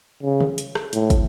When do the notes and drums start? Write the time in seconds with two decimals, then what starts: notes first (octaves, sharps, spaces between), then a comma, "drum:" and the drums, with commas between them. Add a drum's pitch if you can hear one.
0.23 C#3
0.40 drum: tom C3
0.58 drum: hi-hat
0.75 drum: rim click
0.93 A2, drum: hi-hat
1.10 drum: kick, hi-hat